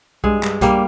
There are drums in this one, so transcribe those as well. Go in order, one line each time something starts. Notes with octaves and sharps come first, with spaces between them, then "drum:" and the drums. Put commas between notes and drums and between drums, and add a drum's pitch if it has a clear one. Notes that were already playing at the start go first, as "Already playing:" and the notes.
G2 G#3, drum: kick B1
G2, drum: clap
G2 G3 A#3, drum: kick B1, hi-hat